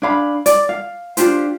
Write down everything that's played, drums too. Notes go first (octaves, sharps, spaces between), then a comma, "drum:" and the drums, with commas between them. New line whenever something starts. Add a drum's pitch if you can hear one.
D4 G#4 F5 B5
D5, drum: hi-hat
F5
D4 F4 G4 C5, drum: hi-hat